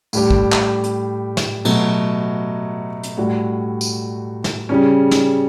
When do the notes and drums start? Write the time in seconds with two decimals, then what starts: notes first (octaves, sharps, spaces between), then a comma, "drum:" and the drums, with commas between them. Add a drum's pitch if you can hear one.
0.13 A2 G3 D4 G4, drum: tambourine
0.31 drum: kick
0.52 drum: clap
0.84 drum: hi-hat
1.37 drum: snare
1.65 B2 F#3 A3, drum: cymbal
3.03 drum: hi-hat
3.18 A2 G3 D4 F#4
3.81 drum: tambourine
4.44 drum: snare
4.69 C#3 G3 C#4
5.11 drum: snare